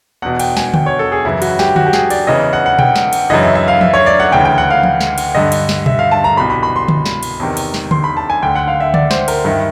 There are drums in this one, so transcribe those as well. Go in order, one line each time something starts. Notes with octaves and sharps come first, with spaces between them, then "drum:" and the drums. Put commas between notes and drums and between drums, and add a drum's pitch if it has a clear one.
E2 B2 F#5
G5, drum: cymbal
G#5, drum: snare
G5, drum: tom D3
C#5
A4
G#4
F#2 C#3 E3 E4
F#4, drum: cymbal
G4, drum: snare
F#4, drum: tom D3
G4
G#4, drum: snare
D5, drum: cymbal
E2 C#3 E3 D#5
F#5
F#5
G5, drum: tom B2
drum: snare
drum: cymbal
F#2 C#3 E3 D#5
E5
E5
F5
E5, drum: tom E3
C#5
D5
F#5
D2 C#3 E3 G5
G5
F#5
F5
drum: tom E3
drum: snare
drum: cymbal
G2 D3 D#5
drum: cymbal
drum: snare
E5, drum: tom B2
F5
A5
A#5
C2 B2 B5
B5
B5
C6
drum: tom D3
drum: snare
drum: cymbal
E2 C3 D#3
drum: cymbal
drum: snare
C6, drum: tom D3
B5
A5
G#5
D2 D3 G5
F#5
F5
E5
D5, drum: tom D3
C5, drum: snare
A#4, drum: cymbal
G2 D#3 E4